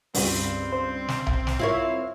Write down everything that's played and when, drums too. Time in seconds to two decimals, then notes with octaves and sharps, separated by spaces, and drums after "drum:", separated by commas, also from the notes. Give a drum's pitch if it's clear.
0.14 C#2 G2 C4, drum: open hi-hat
0.73 C5
1.08 drum: snare
1.27 drum: tom B1
1.47 drum: snare
1.59 C4 E4 F4 A#4 C#5 F5